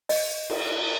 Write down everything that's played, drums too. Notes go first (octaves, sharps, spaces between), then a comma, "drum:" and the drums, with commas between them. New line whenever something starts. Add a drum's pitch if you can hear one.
D#5, drum: open hi-hat
drum: cymbal